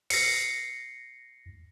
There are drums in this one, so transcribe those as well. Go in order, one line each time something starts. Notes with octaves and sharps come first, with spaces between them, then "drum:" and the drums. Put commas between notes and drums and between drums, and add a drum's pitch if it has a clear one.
A#6 C7 C#7, drum: open hi-hat